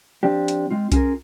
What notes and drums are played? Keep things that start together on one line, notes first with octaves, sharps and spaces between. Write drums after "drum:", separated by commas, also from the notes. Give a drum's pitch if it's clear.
F3 C4 D4 G4
drum: hi-hat
G#3 C4 F4
C#4 F4 F#4 G#4 A#4, drum: kick C2, hi-hat